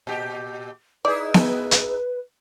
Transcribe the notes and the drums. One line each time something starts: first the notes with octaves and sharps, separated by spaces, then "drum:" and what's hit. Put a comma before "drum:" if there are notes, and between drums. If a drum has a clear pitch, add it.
A#2 G4
D#4 E4 G#4 B4 D5
drum: snare B3
drum: hi-hat